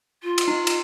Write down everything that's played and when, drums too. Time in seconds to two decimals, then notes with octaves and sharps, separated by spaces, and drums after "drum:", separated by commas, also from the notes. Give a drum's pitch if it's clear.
0.23 F4
0.38 drum: cymbal
0.48 D#4
0.67 drum: cymbal